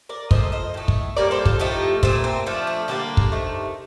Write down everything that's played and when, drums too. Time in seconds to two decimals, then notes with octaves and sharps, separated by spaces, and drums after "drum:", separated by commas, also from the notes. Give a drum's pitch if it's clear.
0.09 A#4 D5
0.31 A#2 F3 A3 C5 D#5, drum: kick
0.52 C5 D#5
0.74 A2 A3
0.88 drum: kick
1.16 A2 G3 A#3 A#4 D5
1.31 A4 C5
1.46 F4 A4, drum: kick
1.60 A2 F3 A3 D#4 G4
2.03 A#2 A3 C4, drum: kick
2.24 C4
2.46 D3 F3 A3 D4
2.67 D4
2.88 D3 G3 A#3 D4
3.17 drum: kick
3.32 C3 D#3 A3